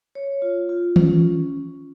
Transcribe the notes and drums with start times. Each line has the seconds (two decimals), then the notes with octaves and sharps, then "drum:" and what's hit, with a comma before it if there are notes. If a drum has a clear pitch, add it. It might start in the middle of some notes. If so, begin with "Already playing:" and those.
0.15 C#5
0.42 F4
0.69 F4
0.96 C#4, drum: tom D#3